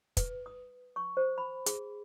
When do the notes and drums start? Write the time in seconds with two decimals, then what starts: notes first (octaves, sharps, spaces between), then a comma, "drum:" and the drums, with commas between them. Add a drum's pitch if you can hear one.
0.17 B4, drum: kick, hi-hat
0.46 D#6
0.96 C#6
1.17 C5
1.38 B5
1.66 G#4, drum: hi-hat